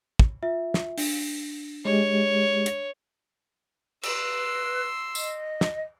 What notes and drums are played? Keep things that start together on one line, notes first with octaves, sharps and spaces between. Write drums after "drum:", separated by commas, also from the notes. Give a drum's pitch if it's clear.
drum: kick
F4 E5
drum: snare
D4, drum: open hi-hat
G#3 G4 C#5
drum: hi-hat
B4 C6 E6, drum: cymbal
D#5, drum: tambourine
drum: snare